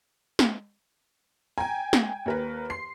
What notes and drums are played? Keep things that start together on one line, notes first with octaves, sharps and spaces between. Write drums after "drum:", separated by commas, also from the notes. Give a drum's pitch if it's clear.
drum: snare
G5 G#5 A#5
drum: snare
D#2 A#4 B4
C6 C7